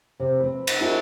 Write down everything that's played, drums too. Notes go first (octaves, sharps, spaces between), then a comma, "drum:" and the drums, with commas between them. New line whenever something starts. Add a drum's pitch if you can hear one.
C3
C4 B4
drum: cymbal
D#4 E4 F#4 G#4 A#4 C5